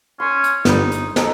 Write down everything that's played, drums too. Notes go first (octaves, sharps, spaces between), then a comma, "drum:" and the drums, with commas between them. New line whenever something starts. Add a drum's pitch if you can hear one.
C#4 C6 C#6
drum: hi-hat
G1 G3 D#4, drum: snare
drum: hi-hat
D#4 A4 D#6, drum: snare